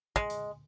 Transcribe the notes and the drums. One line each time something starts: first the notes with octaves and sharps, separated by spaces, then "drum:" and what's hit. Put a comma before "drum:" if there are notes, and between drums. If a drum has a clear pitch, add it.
G#3, drum: kick
drum: hi-hat